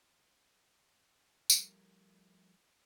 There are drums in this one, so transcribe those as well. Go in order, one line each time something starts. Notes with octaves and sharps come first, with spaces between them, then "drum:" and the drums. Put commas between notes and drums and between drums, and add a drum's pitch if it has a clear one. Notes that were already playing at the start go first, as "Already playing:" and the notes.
F3 G3 A3 E4 G4 A#4, drum: tambourine